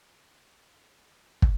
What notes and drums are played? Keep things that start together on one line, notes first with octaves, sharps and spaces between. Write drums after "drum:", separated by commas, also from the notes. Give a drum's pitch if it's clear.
B3 F4 G#5
F#5
drum: kick